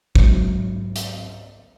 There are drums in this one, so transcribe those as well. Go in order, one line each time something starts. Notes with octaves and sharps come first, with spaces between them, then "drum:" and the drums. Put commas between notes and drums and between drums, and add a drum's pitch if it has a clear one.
G#2 F#3, drum: kick
drum: hi-hat